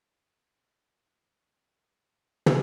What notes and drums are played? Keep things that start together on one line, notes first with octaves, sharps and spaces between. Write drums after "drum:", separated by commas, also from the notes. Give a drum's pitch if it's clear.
C#5
D5 D#5 F5 G#5 A5 D6
A#1 D#4 A4 C#5
G#4 A#4 G5 G#5
drum: tom